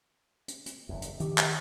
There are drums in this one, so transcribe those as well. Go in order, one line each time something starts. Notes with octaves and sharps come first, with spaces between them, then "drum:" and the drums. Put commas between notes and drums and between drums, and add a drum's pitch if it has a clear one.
drum: hi-hat
drum: hi-hat
F#1 E2 E5
drum: hi-hat
D#3 D4 G4, drum: hi-hat
drum: clap